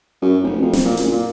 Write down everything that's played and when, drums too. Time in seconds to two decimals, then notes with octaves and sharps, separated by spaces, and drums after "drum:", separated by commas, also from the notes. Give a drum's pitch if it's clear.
0.22 F#2
0.43 F1
0.62 F2
0.73 drum: snare
0.85 A#2
0.97 F#1, drum: hi-hat
1.11 A#2